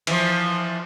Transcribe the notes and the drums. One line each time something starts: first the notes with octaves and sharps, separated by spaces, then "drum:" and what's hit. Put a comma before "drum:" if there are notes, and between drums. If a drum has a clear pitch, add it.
E3 F3, drum: cymbal